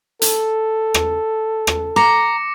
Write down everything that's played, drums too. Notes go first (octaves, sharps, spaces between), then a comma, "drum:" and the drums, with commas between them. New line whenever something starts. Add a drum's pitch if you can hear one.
A4, drum: hi-hat
drum: rim click
drum: rim click
A#5 D6 A#6 C#7